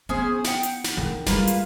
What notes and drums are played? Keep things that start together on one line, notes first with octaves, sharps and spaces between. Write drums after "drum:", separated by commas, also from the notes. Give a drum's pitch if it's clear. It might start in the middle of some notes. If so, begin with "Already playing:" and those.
B3 C#4 G#4 C5
F#5 G5, drum: snare
drum: hi-hat
drum: snare
D#3 D#4
G3 G#3 A#3 F4 B4, drum: snare
drum: hi-hat